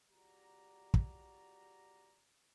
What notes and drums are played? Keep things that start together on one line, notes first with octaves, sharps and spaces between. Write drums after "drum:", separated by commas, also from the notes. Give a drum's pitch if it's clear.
C#2 F#4 G4 D5 A#5
drum: kick